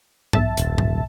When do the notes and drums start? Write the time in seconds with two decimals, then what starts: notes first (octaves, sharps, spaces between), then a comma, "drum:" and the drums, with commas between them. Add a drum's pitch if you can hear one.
0.33 B1 E5 A5, drum: tom G#2
0.57 D#1, drum: hi-hat
0.78 drum: tom G#2